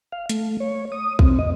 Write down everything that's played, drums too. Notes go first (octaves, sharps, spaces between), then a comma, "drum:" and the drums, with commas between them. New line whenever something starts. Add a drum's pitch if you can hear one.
F5
A3, drum: hi-hat
C#5
D#6
C4, drum: kick
D#5